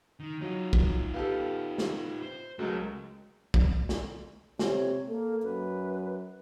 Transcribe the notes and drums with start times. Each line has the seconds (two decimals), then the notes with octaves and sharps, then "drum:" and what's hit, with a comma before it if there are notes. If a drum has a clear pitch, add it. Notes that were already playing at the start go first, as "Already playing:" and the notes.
0.20 D#3
0.41 F#3 D#4 F4
0.73 drum: kick
1.14 B3 G4 A4 F5
1.78 drum: snare
2.22 C5
2.59 C#2 F#3 G#3 A3 A#4
3.54 drum: kick
3.89 drum: snare
4.59 C3 C#5, drum: snare
5.08 A#3 A4
5.43 F#2 B4